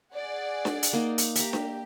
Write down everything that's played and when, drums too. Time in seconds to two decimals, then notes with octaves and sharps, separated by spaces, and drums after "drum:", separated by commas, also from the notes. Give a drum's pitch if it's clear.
0.14 G#4 D5 F#5
0.65 drum: snare D4
0.83 drum: hi-hat
0.93 A#3 D#4
1.18 drum: hi-hat
1.35 G4 E5 A#5, drum: hi-hat
1.53 drum: snare D4